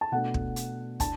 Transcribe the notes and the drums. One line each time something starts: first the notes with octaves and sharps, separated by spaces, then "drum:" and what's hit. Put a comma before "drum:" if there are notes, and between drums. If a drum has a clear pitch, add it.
A5
B2 A3 D4 F#5
drum: kick
drum: hi-hat
D4 A5, drum: kick, hi-hat